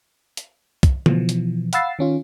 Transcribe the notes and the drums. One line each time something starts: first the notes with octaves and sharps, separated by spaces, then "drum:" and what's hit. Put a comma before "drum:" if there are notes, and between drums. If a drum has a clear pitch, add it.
drum: hi-hat
drum: kick, hi-hat
B2 E3 F3, drum: tom D3
drum: hi-hat
F5 F#5 B5 E6 A6 C7, drum: hi-hat
D#3 C#4 F4